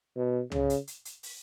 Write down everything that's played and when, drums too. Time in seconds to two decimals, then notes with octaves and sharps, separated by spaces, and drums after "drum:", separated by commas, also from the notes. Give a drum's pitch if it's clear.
0.16 B2
0.52 C#3, drum: tom
0.70 drum: hi-hat
0.87 drum: hi-hat
1.05 drum: hi-hat
1.23 drum: open hi-hat